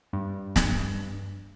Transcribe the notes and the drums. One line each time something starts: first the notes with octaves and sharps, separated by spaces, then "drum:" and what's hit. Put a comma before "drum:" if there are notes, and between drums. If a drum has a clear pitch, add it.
G2
drum: snare